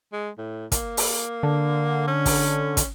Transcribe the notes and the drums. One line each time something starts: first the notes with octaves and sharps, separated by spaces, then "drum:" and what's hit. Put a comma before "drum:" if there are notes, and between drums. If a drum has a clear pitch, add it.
G#3
A2
A#3, drum: kick, hi-hat
drum: open hi-hat
D3
C#4
drum: kick, open hi-hat
drum: kick, hi-hat